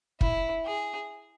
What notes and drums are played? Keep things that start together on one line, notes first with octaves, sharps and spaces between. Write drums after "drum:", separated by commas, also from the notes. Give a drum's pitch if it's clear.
E4, drum: kick
G#4